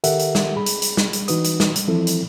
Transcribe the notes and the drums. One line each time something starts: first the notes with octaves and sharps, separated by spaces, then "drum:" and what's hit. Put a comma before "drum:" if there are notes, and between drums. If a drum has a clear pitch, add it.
D#3 G4 A4 A#4 E5 F#5, drum: hi-hat
drum: hi-hat
drum: snare
G#4 B5
drum: hi-hat
drum: hi-hat
drum: snare
drum: hi-hat
E3 D#4 F#4 B4 D#6, drum: hi-hat
drum: hi-hat
drum: snare
drum: hi-hat
E3 F3 C4 E4 A4
drum: hi-hat